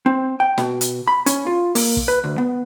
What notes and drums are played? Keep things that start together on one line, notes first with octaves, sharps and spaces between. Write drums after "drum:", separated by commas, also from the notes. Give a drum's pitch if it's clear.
C4
G5
B2, drum: snare
drum: hi-hat
B5
C#4, drum: hi-hat
F4
A#3, drum: open hi-hat
drum: kick
B4
D2
B3